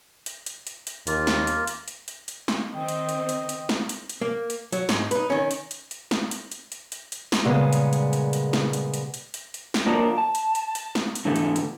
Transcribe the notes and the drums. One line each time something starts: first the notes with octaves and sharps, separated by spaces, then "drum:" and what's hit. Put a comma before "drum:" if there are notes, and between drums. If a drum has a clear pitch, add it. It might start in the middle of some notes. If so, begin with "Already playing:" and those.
drum: hi-hat
drum: hi-hat
drum: hi-hat
drum: hi-hat
D#2 A#3 F4, drum: hi-hat
drum: snare
drum: hi-hat
drum: hi-hat
drum: hi-hat
drum: hi-hat
drum: hi-hat
drum: snare
D#3 C4 D#5 G5
drum: hi-hat
drum: hi-hat
drum: hi-hat
drum: hi-hat
drum: snare
drum: hi-hat
drum: hi-hat
A#3
drum: hi-hat
F#3, drum: hi-hat
G#2, drum: snare
D#4 B4, drum: hi-hat
D#3 C#4
drum: hi-hat
drum: hi-hat
drum: hi-hat
drum: snare
drum: hi-hat
drum: hi-hat
drum: hi-hat
drum: hi-hat
drum: hi-hat
drum: snare
A#2 C#3 G3 G#3 B3
drum: hi-hat
drum: hi-hat
drum: hi-hat
drum: hi-hat
drum: snare
drum: hi-hat
drum: hi-hat
drum: hi-hat
drum: hi-hat
drum: hi-hat
drum: snare
F#3 A#3 D4 D#4 F4 A#4
A5
drum: hi-hat
drum: hi-hat
drum: hi-hat
drum: snare
drum: hi-hat
G#2 D3 E3 A3 B3 G4
drum: hi-hat
drum: hi-hat